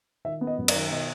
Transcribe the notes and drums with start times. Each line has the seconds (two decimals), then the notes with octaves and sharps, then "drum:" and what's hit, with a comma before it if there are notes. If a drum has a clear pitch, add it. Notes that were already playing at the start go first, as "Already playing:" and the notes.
0.25 D#3 E5
0.41 B3
0.47 D#5
0.58 F#2
0.68 D5, drum: cymbal
0.74 D#3
0.91 B2 D#5